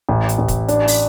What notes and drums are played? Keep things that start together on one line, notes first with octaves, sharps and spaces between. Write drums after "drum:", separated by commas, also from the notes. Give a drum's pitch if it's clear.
A1
drum: hi-hat
A1
drum: kick, hi-hat
D4, drum: hi-hat
drum: open hi-hat